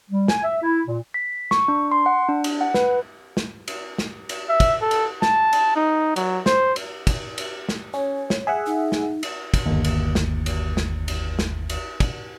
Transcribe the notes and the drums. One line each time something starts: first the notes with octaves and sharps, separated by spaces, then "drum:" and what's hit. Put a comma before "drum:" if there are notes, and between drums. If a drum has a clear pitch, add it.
G3
G#5, drum: snare
E5
E4
A#2
B6
C#6, drum: snare
D4
C6
F#5
D4
drum: cymbal
F#5
B4, drum: snare
drum: snare
drum: cymbal
drum: snare
drum: cymbal
E5
drum: kick, cymbal
A4
drum: cymbal
A5, drum: snare
drum: cymbal
D#4
F#3, drum: cymbal
C5, drum: snare
drum: cymbal
drum: kick, cymbal
drum: cymbal
drum: snare
C#4 C#5
drum: snare
G#4 E5 F#5
D#4
drum: snare
drum: cymbal
drum: kick, cymbal
G1 D#2
drum: cymbal
drum: snare
drum: cymbal
drum: snare
drum: cymbal
drum: snare
drum: cymbal
drum: kick, cymbal